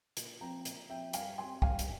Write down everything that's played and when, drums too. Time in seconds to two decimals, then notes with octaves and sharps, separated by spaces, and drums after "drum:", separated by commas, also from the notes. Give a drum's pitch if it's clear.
0.17 A#2, drum: hi-hat
0.41 F3 C4 G5 A#5
0.65 A#2, drum: hi-hat
0.90 F3 C4 E5 G5
1.13 G2 F5 G#5, drum: hi-hat
1.38 G3 C4 G#5 C6
1.62 G2 F5 G#5, drum: kick
1.79 drum: hi-hat